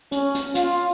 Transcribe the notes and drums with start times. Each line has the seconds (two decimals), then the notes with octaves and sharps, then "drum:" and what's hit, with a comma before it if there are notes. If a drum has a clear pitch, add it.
0.12 C#4, drum: hi-hat
0.35 drum: hi-hat
0.55 F4, drum: hi-hat